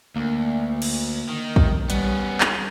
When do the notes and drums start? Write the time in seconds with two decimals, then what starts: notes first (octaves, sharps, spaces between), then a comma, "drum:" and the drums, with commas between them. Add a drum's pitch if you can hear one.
0.16 D2 A#3
0.82 drum: cymbal
1.29 D#3
1.56 drum: kick
1.90 G3 B3 C#4, drum: hi-hat
2.41 drum: clap